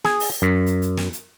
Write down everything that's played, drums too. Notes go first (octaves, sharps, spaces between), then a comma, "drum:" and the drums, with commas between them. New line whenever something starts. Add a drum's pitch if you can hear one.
G#4, drum: snare
drum: open hi-hat
F#2
drum: hi-hat
drum: hi-hat
drum: snare
drum: hi-hat